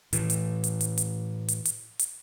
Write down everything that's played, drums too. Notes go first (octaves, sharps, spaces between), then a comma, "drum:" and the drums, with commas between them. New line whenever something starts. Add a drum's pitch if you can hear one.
A2 E3, drum: hi-hat
drum: hi-hat
drum: hi-hat
drum: hi-hat
drum: hi-hat
drum: hi-hat
drum: hi-hat
drum: hi-hat